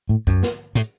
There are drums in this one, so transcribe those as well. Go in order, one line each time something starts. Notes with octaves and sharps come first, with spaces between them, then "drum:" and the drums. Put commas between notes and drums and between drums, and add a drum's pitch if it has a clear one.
A2
F#2, drum: kick
drum: snare
A2, drum: hi-hat